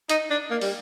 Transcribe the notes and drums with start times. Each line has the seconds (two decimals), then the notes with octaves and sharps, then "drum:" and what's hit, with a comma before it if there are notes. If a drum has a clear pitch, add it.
0.09 D#4, drum: hi-hat
0.30 D4
0.50 A#3
0.61 G3, drum: open hi-hat